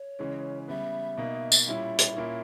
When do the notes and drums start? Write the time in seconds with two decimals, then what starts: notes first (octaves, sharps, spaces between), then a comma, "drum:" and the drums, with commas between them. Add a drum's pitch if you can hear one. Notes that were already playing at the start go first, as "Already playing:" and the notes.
Already playing: C#5
0.19 C#3 E3 G#3 C#4
0.68 C#3 G3 B3 E5
1.18 B2 A#3 D#4
1.52 drum: tambourine
1.67 A#2 G3 C#4 E4 E5
1.98 drum: hi-hat
2.17 A#2 A#3 C#4 E4